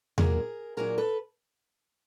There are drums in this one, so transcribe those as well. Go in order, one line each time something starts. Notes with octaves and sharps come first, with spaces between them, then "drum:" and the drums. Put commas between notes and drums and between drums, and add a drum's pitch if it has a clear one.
A#2 F#3 A#3 D4 G#4 A#4, drum: tom E2
A#2 F#3 A#3 D4 G#4 A#4
A4 B4